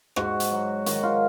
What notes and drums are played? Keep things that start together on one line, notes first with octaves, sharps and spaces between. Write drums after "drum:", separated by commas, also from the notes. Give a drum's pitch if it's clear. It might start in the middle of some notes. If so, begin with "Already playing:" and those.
G#2 F#4, drum: rim click
drum: hi-hat
F#3
D#3 F#4, drum: hi-hat
F4